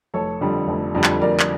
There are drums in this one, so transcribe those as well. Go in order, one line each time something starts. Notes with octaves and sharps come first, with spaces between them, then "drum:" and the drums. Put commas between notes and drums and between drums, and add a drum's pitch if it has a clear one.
F1 A4 C#5
F2 D3 G3
F1
F2 D3 G3
drum: clap
F1 A#4 D5
drum: clap